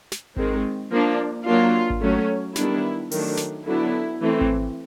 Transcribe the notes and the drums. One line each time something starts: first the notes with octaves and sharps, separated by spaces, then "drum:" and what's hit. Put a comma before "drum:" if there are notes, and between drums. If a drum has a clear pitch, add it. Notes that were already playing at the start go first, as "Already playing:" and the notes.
drum: snare
D#3 G#3 C4, drum: kick G#1
F3 A#3 D4
F#3 A#3 D4 F4
drum: kick G#1
F#3 A3 C#4
D#3 G3 B3 D4 E4, drum: snare
D#3 F#3 A3 D4, drum: open hi-hat
drum: snare
D3 F#3 B3 D4 E4
E3 A3 C4
drum: kick G#1